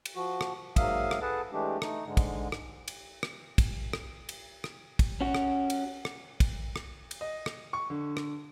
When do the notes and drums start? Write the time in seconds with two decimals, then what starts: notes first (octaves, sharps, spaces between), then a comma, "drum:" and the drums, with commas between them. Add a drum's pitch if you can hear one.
0.05 drum: cymbal
0.16 F3 F#4
0.41 drum: rim click
0.76 G#2 F#3 A#3 E5 F5 D#6, drum: kick, cymbal
1.11 drum: rim click
1.22 G#4 A4 B4 F#5 A5
1.53 E3 G#3 A3 D4 G4
1.82 A3 D#4, drum: rim click
2.06 G#2 D3 G#3
2.17 drum: kick, cymbal
2.52 drum: rim click
2.88 drum: cymbal
3.23 drum: rim click
3.58 drum: kick, cymbal
3.93 drum: rim click
4.29 drum: cymbal
4.64 drum: rim click
4.99 drum: kick, cymbal
5.21 C#4 F#4
5.35 drum: rim click
5.70 drum: cymbal
6.05 drum: rim click
6.40 drum: kick, cymbal
6.76 drum: rim click
7.11 drum: cymbal
7.21 D#5
7.46 drum: rim click
7.73 C#6
7.90 D3
8.17 drum: rim click